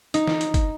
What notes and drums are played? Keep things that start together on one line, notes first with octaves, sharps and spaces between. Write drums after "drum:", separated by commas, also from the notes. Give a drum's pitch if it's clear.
D#4, drum: hi-hat
drum: snare
drum: hi-hat
drum: kick, hi-hat